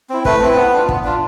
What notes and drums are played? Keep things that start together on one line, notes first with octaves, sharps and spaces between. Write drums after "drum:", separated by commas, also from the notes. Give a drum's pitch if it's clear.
C4 E4
A3 B4, drum: kick
C4 E4
B3
D4 F4
B3, drum: kick
D4 F4